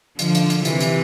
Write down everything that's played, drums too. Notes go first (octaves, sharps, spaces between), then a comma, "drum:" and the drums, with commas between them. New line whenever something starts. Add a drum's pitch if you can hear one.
D3 F3, drum: hi-hat
drum: hi-hat
drum: hi-hat
C3 E3, drum: hi-hat
drum: hi-hat